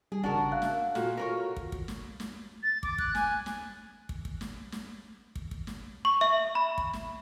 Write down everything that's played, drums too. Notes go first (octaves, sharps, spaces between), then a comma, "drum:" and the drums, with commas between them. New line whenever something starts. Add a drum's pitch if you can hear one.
G3 G#4
G#1 C#3 D4 F#4 A#4 F#5
E5 F5 F#6
drum: snare
A#2 F4 F#4 A4, drum: snare
A#4 B4 C#5
drum: kick
drum: kick
drum: snare
drum: snare
A6
D6, drum: kick
F#6, drum: kick
G#5, drum: snare
drum: snare
drum: kick
drum: kick
drum: snare
drum: snare
drum: kick
drum: kick
drum: snare
C#6
E5
B5
drum: kick
drum: snare